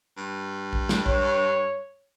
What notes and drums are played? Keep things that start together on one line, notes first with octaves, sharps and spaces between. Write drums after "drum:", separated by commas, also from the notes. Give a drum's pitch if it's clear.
G2
drum: kick A#1
drum: snare
C#5, drum: kick A#1